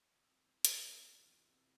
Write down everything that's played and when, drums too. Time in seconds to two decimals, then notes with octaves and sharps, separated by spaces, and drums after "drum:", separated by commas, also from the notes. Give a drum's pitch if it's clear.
0.15 D#6
0.24 C2 E6
0.45 E3
0.65 C2 F6, drum: hi-hat
0.76 C#6
0.83 D6
0.85 E3
0.91 D#6
0.99 E6
1.05 C3 F6
1.25 E3 F6
1.46 C3 E6